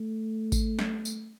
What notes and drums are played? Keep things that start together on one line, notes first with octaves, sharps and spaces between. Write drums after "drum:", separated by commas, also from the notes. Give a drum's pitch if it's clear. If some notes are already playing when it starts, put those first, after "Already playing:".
Already playing: A3
drum: kick G#1, tambourine
drum: snare
drum: tambourine